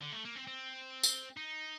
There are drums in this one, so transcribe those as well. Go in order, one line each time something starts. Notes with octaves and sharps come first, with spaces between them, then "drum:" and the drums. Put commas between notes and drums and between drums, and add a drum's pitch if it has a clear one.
D3
A3
A#3
C4
C4
drum: tambourine
D#4